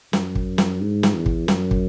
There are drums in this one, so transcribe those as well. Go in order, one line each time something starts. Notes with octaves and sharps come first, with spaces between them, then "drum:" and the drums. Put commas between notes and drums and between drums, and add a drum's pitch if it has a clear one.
F#2, drum: snare
drum: kick
drum: snare
G#2
drum: snare
E2
drum: kick
F#2, drum: snare
drum: kick